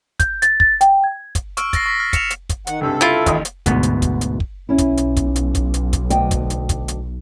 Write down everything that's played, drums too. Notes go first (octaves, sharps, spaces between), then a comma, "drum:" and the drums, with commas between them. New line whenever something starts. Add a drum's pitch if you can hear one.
G6, drum: kick, hi-hat
A6, drum: hi-hat
A6, drum: kick
G5, drum: hi-hat
G#6
drum: kick, hi-hat
C#6 E6 F6 D7, drum: hi-hat
A6 A#6 C7, drum: kick, hi-hat
C#6 A#6 B6
F6 A6
C#7 E7 F7, drum: kick, hi-hat
drum: hi-hat
drum: kick, hi-hat
D#3 F#5, drum: hi-hat
C#2 G2 C3 A4
E4 F4
A1 D#2 D#6, drum: kick, hi-hat
drum: hi-hat
D2 G#2 B2 B3, drum: kick, hi-hat
drum: hi-hat
drum: kick, hi-hat
drum: hi-hat
drum: kick
B1 C#4 E4
drum: kick, hi-hat
drum: hi-hat
drum: kick, hi-hat
drum: hi-hat
drum: kick, hi-hat
drum: hi-hat
drum: kick, hi-hat
D2 D#5 G5, drum: hi-hat
drum: kick, hi-hat
drum: hi-hat
drum: kick, hi-hat
drum: hi-hat